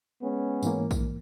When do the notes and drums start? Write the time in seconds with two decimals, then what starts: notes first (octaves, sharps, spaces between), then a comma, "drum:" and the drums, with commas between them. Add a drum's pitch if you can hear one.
0.22 G#3 B3 C#4
0.63 G#2 E3 A#3, drum: tambourine
0.91 drum: kick A#1, tambourine